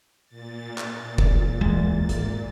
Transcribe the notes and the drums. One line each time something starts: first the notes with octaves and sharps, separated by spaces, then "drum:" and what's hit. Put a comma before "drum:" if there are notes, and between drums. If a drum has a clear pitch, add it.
A#2 A6
drum: clap
drum: kick
D1 E2 G#3
G#1, drum: hi-hat